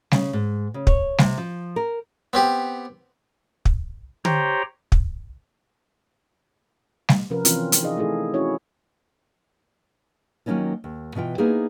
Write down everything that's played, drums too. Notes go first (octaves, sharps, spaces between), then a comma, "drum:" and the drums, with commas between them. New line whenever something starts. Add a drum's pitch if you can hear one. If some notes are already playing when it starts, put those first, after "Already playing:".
C#3, drum: snare G3
G#2
C#3
C#5, drum: kick
C3, drum: snare G3
F3
A#4
B3 C4 G4
drum: kick
G4 C5 C#5 G5 A#5, drum: tom D3
drum: kick
drum: snare G3
C3 F3 C#4 A#4 B4
E3 C4 C#4 F4, drum: hi-hat
drum: hi-hat
D#4 G#4 D5 D#5 F5
A3 D#4 E4 G#4 A4
C#4 E4 F#4 C#5
D#3 F#3 A#3 C#4 D#4 F4
D#2
B2 E3 F4 G5
A#3 B3 D#4 E4 G#4 C5